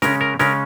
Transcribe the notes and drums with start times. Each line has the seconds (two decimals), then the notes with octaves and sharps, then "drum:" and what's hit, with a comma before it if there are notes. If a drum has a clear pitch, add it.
0.02 C#3 G#3 C#4 A#4, drum: snare
0.21 A#4
0.39 C#3 G#3 C#4 A#4, drum: snare